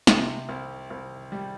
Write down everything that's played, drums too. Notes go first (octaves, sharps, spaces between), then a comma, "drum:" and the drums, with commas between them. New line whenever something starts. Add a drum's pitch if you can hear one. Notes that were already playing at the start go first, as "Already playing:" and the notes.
C3, drum: snare
C2
C2
G3